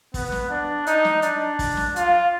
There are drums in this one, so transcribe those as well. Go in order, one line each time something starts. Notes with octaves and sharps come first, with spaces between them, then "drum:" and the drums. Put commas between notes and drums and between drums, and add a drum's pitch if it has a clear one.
B3, drum: kick, open hi-hat
drum: snare
D4
D#4, drum: hi-hat
drum: snare
D4, drum: hi-hat
drum: kick, open hi-hat
drum: snare
F4, drum: hi-hat